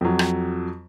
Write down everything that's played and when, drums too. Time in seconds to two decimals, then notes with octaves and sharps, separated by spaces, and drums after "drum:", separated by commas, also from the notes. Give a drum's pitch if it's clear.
0.01 F2 F#3
0.19 drum: rim click